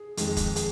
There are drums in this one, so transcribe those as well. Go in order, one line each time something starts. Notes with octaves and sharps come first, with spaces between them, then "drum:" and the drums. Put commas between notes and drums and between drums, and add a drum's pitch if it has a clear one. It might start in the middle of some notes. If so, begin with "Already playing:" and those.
Already playing: G#4
F2 D#3 G#3, drum: hi-hat
drum: kick, hi-hat
G#4, drum: hi-hat